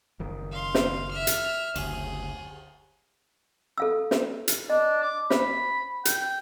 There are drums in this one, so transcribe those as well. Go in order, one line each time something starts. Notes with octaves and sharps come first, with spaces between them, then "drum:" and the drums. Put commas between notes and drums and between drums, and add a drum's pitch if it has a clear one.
F#1 D#3
F5 C6
drum: snare
E5 F6
drum: hi-hat
F#1 D2 G#4, drum: cymbal
A4 F5 E6
drum: snare
drum: hi-hat
D4 D#5
D6
C5 B5, drum: snare
G5, drum: hi-hat